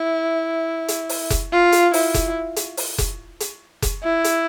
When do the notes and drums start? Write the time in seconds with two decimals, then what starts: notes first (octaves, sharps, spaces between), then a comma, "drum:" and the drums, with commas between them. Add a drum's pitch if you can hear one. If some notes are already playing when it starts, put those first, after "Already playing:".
Already playing: E4
0.88 drum: hi-hat
1.09 drum: open hi-hat
1.30 drum: kick F1, hi-hat
1.52 F4
1.72 drum: hi-hat
1.93 E4, drum: open hi-hat
2.14 drum: kick F1, hi-hat
2.56 drum: hi-hat
2.77 drum: open hi-hat
2.98 drum: kick F1, hi-hat
3.40 drum: hi-hat
3.82 drum: kick F1, hi-hat
4.03 E4
4.24 drum: hi-hat